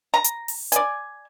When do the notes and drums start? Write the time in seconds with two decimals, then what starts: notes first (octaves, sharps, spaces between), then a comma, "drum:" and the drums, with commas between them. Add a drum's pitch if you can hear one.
0.14 A#5
0.24 drum: hi-hat
0.48 drum: open hi-hat
0.72 D5 G#5, drum: hi-hat